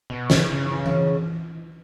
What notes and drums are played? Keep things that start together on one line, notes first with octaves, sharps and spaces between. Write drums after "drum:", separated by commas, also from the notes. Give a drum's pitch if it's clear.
B2
C#3, drum: snare
C#3
drum: tom E3